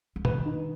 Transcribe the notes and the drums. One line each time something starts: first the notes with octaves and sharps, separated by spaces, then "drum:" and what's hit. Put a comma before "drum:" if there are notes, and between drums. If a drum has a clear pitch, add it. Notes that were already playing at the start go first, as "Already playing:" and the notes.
E3
D#3 B4, drum: tom
D#4